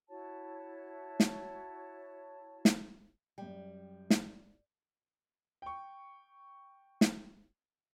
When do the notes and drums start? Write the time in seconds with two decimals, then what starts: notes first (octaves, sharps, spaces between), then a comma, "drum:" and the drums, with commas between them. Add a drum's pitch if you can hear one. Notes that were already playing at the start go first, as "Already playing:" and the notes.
0.10 E4 F#4 C#5 A5
1.20 drum: snare
2.65 drum: snare
3.38 F#2 G3 G5
4.10 drum: snare
5.62 G5 C#6
7.01 drum: snare